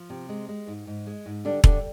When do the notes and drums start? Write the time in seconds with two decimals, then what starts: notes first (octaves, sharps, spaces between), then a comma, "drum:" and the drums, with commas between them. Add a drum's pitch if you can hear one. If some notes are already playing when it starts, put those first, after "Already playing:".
Already playing: F3
0.10 C3
0.29 G#3
0.49 G#3
0.67 G#2
0.87 G#2
1.07 G#3
1.26 G#2
1.45 D3 G3 D4
1.64 D3 G3 D4, drum: kick E1